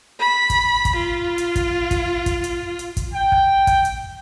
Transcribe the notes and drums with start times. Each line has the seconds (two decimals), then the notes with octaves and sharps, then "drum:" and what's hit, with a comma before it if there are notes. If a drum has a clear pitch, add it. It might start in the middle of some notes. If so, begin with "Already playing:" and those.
0.20 B5
0.50 drum: kick, hi-hat
0.85 drum: kick, hi-hat
0.95 F4
1.38 drum: hi-hat
1.56 drum: kick, hi-hat
1.91 drum: kick, hi-hat
2.26 drum: kick, hi-hat
2.44 drum: hi-hat
2.79 drum: hi-hat
2.97 drum: kick, hi-hat
3.14 G5
3.32 drum: kick
3.67 drum: kick, hi-hat
3.85 drum: hi-hat